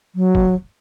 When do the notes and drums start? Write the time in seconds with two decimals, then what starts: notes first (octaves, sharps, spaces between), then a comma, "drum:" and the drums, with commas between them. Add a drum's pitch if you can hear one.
0.15 F#3
0.35 drum: kick